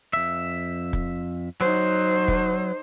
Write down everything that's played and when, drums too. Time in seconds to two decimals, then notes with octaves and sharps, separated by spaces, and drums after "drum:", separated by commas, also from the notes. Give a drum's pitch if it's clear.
0.13 F2 E5
0.93 drum: kick
1.61 F#3 D#4 C5
2.28 drum: kick